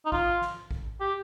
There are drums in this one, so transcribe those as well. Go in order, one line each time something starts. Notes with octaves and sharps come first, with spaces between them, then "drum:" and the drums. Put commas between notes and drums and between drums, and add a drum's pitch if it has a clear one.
D#4
F4, drum: kick
drum: snare
drum: kick
G4